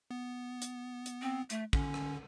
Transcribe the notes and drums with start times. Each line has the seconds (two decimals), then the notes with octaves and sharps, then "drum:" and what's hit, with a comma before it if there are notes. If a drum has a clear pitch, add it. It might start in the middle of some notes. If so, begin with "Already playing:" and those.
0.11 B3
0.62 drum: hi-hat
1.06 drum: hi-hat
1.22 C4
1.50 A3, drum: hi-hat
1.73 D3 C#4, drum: kick
1.94 drum: rim click